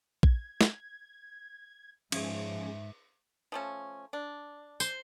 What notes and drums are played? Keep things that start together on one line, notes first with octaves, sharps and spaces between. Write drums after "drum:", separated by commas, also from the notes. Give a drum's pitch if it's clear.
G#6, drum: kick
drum: snare
G#2 F3 C#4 G#4 E5 G#5, drum: cymbal
F3 A3 C#4
D4
C5, drum: tambourine